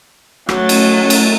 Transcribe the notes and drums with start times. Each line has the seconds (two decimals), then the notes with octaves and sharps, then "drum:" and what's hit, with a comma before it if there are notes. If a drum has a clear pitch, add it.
0.49 F#3 A3 C#4 A6, drum: rim click
0.69 drum: cymbal
1.10 drum: cymbal